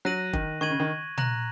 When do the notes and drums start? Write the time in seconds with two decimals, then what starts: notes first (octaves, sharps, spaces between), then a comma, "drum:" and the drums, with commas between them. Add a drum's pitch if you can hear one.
0.05 F#3 F#6 A#6 D#7 F#7
0.33 D#3, drum: kick
0.61 D#3 C#6 G#6 D#7 F#7
0.70 C#3
0.80 D#3
1.18 A#5 F#6 A#6 F#7, drum: tom